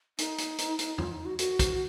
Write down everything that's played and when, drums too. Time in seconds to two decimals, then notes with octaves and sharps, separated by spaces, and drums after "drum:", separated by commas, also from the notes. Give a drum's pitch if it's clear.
0.18 D#4, drum: hi-hat
0.38 drum: hi-hat
0.58 drum: hi-hat
0.79 drum: hi-hat
0.98 F4, drum: tom E2
1.12 D#4
1.25 F#4
1.39 F#4, drum: hi-hat
1.59 drum: kick, hi-hat